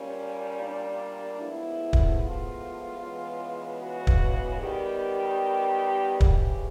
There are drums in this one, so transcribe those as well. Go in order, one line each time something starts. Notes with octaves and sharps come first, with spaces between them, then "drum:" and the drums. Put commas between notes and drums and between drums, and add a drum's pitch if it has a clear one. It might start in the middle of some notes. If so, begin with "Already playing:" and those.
Already playing: A#2 G3 A#3 C#4
D4
A2 F3 G#3 B3 E4
drum: kick
F4
C#3 E3 G#3 B3
F#4
drum: kick
D#3 G3 B3 G4
C#3 E3 G#3 G4, drum: kick